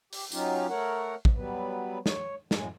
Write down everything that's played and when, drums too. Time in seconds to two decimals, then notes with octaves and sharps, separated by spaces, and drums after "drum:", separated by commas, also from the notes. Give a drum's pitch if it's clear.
0.13 G4, drum: open hi-hat
0.32 F#3 C#4 D#4 F4 G4, drum: tambourine
0.69 A3 A#4 C#5 F#5
1.25 drum: kick
1.36 F#3 G3 B3 B4
2.06 C#5, drum: snare
2.51 F#2 A2 G#3, drum: snare